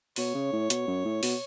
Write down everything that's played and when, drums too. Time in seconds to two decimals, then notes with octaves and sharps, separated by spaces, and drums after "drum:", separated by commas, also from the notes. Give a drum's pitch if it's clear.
0.16 B2 C#5, drum: open hi-hat
0.35 C#3
0.53 A2
0.70 B2, drum: hi-hat
0.88 F#2
1.05 A2
1.23 B2, drum: open hi-hat